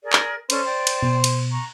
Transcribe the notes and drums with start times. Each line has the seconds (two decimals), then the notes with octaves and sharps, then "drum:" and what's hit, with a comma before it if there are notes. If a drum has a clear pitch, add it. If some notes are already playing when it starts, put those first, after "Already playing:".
0.03 G#4 A#4 D5
0.13 drum: clap
0.50 C#4 A4 C5 D5, drum: cymbal
0.65 D5 G5
0.87 drum: cymbal
1.03 B2
1.24 drum: cymbal
1.51 A#5 C#6